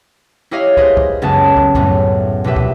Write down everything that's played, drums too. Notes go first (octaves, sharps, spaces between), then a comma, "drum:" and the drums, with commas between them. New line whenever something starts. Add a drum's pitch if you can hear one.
E4 G4 C#5 D#5 F5
G#4 B4 C5 D#5, drum: kick
drum: kick
F#1 C#2 B3 G#4 A5
drum: kick
F#2 A2 F#3 G3 A3 B3, drum: kick
A#1 B2 G4 B4 E5
drum: kick